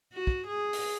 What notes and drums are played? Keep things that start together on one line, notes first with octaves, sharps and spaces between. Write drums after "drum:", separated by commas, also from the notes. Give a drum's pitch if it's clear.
F#4
drum: kick
G#4
drum: open hi-hat